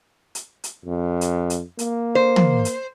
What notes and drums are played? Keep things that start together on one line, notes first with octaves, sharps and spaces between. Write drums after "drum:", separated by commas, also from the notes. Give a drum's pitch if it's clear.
drum: hi-hat
drum: hi-hat
F2
drum: hi-hat
drum: hi-hat
A#3, drum: hi-hat
C5
drum: tom
drum: hi-hat